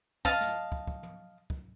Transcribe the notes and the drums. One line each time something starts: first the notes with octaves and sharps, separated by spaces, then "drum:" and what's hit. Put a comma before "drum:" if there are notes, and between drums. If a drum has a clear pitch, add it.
D#5 F5 A5, drum: kick
drum: snare
drum: kick
drum: kick
drum: tom
drum: kick